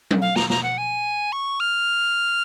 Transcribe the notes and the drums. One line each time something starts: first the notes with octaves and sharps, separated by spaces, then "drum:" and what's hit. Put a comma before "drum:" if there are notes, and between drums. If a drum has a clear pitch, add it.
drum: tom F#3
F5
A#5, drum: snare
A#5, drum: snare
F#5
G#5
C#6
F6